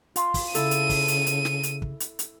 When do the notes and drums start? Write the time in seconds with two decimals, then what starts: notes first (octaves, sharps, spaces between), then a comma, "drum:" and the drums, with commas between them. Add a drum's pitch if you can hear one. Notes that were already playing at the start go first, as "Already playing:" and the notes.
0.16 F4, drum: hi-hat
0.34 drum: kick, open hi-hat
0.55 C#3 E4 A4 D#7, drum: hi-hat
0.71 drum: hi-hat
0.90 drum: kick, open hi-hat
1.08 drum: hi-hat
1.26 drum: hi-hat
1.45 drum: snare
1.63 drum: hi-hat
1.82 drum: kick
2.00 drum: hi-hat
2.19 drum: hi-hat